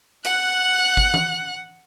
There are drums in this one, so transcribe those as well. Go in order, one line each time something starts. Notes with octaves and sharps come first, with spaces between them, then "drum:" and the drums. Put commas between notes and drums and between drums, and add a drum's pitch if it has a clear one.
F#5 F#6, drum: hi-hat
drum: kick G1
drum: tom E3